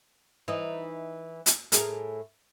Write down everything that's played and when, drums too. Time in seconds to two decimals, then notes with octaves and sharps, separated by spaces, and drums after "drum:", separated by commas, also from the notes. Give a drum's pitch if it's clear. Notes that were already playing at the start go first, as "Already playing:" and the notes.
0.48 E3 D#4
1.46 drum: hi-hat
1.72 A2 G#4 A#4, drum: hi-hat